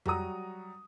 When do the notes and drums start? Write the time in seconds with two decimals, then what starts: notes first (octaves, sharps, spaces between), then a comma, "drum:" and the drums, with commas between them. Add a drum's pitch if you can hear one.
0.06 F#3 G3 F#4 A#5 D#6, drum: tom F2